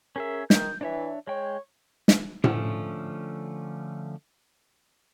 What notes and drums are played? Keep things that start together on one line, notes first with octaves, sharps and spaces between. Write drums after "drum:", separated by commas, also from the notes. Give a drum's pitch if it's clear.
C#4 G#4 A#4 E5
D#3 G6, drum: snare
E3 D4 C#5 E5
G#3 C#5 G5
drum: snare
D3 F3 A3 C#4, drum: tom A2